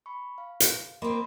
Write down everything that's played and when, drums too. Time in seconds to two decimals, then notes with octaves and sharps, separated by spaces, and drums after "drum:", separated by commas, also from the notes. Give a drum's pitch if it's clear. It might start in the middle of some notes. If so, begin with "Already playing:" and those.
0.06 B5 C#6
0.38 F5
0.60 drum: hi-hat
1.02 A#3 C4 D#5 B5 C6